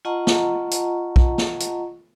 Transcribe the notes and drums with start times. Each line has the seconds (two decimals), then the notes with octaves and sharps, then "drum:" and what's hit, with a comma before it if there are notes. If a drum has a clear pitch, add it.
0.05 F4 D#5 F#5 A5 A#5 C#6
0.27 drum: snare
0.71 drum: hi-hat
1.16 drum: kick
1.38 drum: snare
1.60 drum: hi-hat